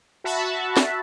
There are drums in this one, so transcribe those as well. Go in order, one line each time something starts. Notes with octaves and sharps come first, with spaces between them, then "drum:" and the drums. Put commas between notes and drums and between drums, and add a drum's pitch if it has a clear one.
F#4 E5 A5 B5
drum: snare